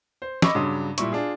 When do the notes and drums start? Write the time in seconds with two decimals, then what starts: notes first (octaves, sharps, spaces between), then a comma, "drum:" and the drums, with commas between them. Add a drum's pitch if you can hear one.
0.22 C5
0.42 D#5 B5 C#6 D6 E6, drum: snare
0.55 G2 C#3 F#3 C6 D#6
0.98 A#2 G3 E4 C#6, drum: hi-hat
1.12 D4 F4 G#4